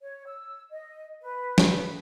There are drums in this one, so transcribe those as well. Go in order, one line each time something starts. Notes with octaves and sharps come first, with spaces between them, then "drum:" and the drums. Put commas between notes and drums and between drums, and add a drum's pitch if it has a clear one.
C#5
E6
D#5
B4
drum: snare